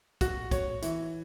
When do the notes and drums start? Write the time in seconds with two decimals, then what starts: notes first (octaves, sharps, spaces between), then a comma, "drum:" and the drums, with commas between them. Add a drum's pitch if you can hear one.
0.21 F#4, drum: kick, hi-hat
0.51 C#5, drum: kick, hi-hat
0.82 E3, drum: hi-hat